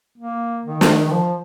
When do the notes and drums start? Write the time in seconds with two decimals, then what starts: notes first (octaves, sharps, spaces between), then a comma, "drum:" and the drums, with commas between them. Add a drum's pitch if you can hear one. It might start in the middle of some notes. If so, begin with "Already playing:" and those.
0.18 A#3
0.65 D#3
0.81 drum: snare
1.08 D#3
1.11 F3